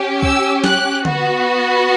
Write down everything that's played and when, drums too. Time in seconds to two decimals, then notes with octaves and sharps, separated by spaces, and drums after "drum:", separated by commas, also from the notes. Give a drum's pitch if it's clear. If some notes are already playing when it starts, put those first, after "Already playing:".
Already playing: C#4 G4
0.23 E6, drum: kick
0.64 F#6, drum: snare
1.05 B3 F#4, drum: tom D3